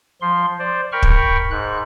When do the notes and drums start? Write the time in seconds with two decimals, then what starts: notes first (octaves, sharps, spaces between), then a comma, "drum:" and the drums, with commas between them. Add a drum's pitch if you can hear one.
0.21 F3 C6
0.59 C5 D5
0.92 A#4 G5 B5 C#6 F6
1.03 drum: kick
1.51 G#2 F#6